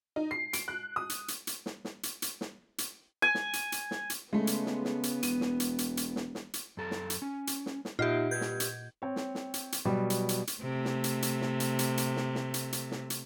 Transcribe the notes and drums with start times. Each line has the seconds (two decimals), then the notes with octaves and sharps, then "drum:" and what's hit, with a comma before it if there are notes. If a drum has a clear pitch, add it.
0.16 D#4
0.31 C7
0.53 D7, drum: hi-hat
0.68 F#6
0.96 D#6
1.10 drum: hi-hat
1.28 drum: hi-hat
1.47 drum: hi-hat
1.66 drum: snare
1.85 drum: snare
2.03 drum: hi-hat
2.22 drum: hi-hat
2.41 drum: snare
2.78 drum: hi-hat
3.22 G#5
3.35 drum: snare
3.53 drum: hi-hat
3.72 drum: hi-hat
3.91 drum: snare
4.10 drum: hi-hat
4.33 C#3 G#3 A3 B3
4.47 drum: hi-hat
4.66 drum: snare
4.85 drum: snare
5.03 drum: hi-hat
5.23 E1 D#7, drum: hi-hat
5.41 drum: snare
5.60 drum: hi-hat
5.78 drum: hi-hat
5.97 drum: hi-hat
6.16 drum: snare
6.35 drum: snare
6.54 drum: hi-hat
6.77 F#2 A4 A#5
6.91 drum: snare
7.10 drum: hi-hat
7.22 C#4
7.47 drum: hi-hat
7.66 drum: snare
7.85 drum: snare
7.99 A#2 D#4 F4 G4 C#5 D#5 E5 F#5
8.31 G4 B4 G6 G#6
8.41 drum: snare
8.60 drum: hi-hat
9.02 C4 C#5
9.16 drum: snare
9.35 drum: snare
9.54 drum: hi-hat
9.72 drum: hi-hat
9.85 B2 F#3 G3
10.10 drum: hi-hat
10.29 drum: hi-hat
10.47 drum: hi-hat
10.61 C3 A3
10.85 drum: snare
11.04 drum: hi-hat
11.22 drum: hi-hat
11.41 drum: snare
11.60 drum: hi-hat
11.79 drum: hi-hat
11.97 drum: hi-hat
12.16 drum: snare
12.35 drum: snare
12.54 drum: hi-hat
12.73 drum: hi-hat
12.91 drum: snare
13.10 drum: hi-hat